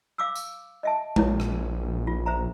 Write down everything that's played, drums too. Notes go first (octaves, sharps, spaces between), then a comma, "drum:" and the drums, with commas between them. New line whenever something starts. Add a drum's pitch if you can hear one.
F5 D6 E6
drum: tambourine
D#5 E5 A5
A#1 E4 C#5, drum: tom G#3
drum: rim click
F4
C5 E5 A#5